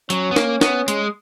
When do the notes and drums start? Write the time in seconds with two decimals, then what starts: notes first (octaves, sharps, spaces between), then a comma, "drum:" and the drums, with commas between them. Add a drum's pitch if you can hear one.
0.10 F#3 C#4, drum: hi-hat
0.31 B3
0.36 A#3, drum: snare
0.61 B3, drum: snare
0.88 G#3, drum: hi-hat